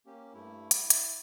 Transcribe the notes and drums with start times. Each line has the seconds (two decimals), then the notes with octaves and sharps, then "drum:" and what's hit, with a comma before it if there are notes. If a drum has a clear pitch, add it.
0.06 A#3 C#4 G4
0.34 G2 A3 E4
0.71 E4, drum: hi-hat
0.90 drum: hi-hat